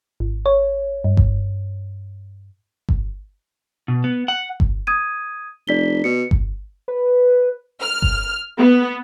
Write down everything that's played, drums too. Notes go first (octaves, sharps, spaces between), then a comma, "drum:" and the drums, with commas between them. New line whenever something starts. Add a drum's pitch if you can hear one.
G#1
C#5
G2
drum: kick G1
drum: kick G1
B2
B3
F#5
drum: kick G1
D#6 G#6 D#7
F1 D5 B6 G7
B2 C#7
drum: kick G1
B4
F6
drum: kick G1
B3